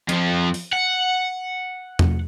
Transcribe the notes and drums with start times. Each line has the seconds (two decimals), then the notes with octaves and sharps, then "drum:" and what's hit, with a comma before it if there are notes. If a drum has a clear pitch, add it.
0.09 F2 F3, drum: hi-hat
0.54 drum: open hi-hat
0.73 F#5
1.99 drum: tom E2